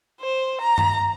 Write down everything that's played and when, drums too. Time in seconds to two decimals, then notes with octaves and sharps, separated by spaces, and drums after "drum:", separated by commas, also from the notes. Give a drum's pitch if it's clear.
0.20 C5
0.61 A#5
0.78 drum: tom G2